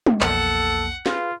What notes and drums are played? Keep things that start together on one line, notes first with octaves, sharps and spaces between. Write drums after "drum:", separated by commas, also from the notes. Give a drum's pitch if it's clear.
drum: tom
A#1 E2 A#3 A4 F#5, drum: clap
F4 G#4 B4 F5, drum: snare